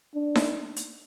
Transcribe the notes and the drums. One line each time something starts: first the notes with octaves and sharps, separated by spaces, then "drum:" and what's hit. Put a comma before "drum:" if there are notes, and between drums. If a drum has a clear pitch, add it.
D4
drum: snare D#4
drum: hi-hat